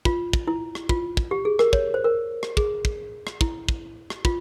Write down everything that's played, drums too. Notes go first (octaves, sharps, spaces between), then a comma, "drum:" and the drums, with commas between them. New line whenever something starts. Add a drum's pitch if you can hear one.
F4, drum: kick
drum: kick
E4
drum: rim click
F4, drum: kick
drum: kick
G4
G#4
A#4, drum: rim click
C#5, drum: kick
C5
A#4
drum: rim click
G#4, drum: kick
drum: kick
drum: rim click
E4, drum: kick
drum: kick
drum: rim click
F4, drum: kick